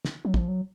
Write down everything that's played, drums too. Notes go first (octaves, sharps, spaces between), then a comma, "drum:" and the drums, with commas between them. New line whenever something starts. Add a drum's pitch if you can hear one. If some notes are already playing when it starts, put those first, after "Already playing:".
drum: snare
F#3
F3, drum: kick
F#3